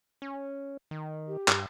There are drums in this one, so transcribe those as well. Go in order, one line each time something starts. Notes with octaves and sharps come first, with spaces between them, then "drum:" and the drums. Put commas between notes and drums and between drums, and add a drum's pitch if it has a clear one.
C#4
D#3
G4
G2, drum: clap